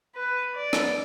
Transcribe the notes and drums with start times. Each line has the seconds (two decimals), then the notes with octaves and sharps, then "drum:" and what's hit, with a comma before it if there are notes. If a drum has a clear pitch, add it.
0.15 B4
0.56 D5
0.73 drum: rim click